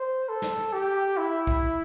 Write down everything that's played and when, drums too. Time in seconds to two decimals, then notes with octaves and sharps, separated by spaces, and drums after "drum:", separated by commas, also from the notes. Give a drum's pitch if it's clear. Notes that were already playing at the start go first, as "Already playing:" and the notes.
Already playing: C5
0.29 A4
0.42 drum: snare
0.73 G4
1.17 E4
1.47 drum: kick